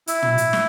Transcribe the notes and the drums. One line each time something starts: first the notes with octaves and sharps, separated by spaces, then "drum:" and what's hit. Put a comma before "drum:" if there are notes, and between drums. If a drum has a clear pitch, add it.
E4, drum: hi-hat
drum: tom
drum: hi-hat
drum: snare